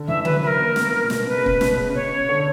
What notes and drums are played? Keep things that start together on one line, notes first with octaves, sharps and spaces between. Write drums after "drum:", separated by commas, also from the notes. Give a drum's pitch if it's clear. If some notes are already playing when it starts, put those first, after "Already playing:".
Already playing: D3
E3 E5
F#3 B4, drum: tom D3
B4
A#4
A#3
B3, drum: snare
A#3
A#2
B2, drum: snare
B2 B4
C#3
B2, drum: kick
B2, drum: snare
C#3
B2
C#3 C#5
D3